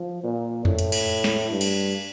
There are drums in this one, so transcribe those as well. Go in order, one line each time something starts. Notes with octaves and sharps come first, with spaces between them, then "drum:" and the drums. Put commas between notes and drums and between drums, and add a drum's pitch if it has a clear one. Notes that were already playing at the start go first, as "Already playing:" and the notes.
Already playing: F3
A#2
A2, drum: tom E2
drum: hi-hat
drum: cymbal
drum: snare
G2
drum: cymbal